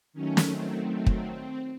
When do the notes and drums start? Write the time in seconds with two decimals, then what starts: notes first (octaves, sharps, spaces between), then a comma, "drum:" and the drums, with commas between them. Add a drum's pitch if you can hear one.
0.13 D#3 F#3 A3 C#4
0.37 drum: snare
0.49 C4
1.06 drum: kick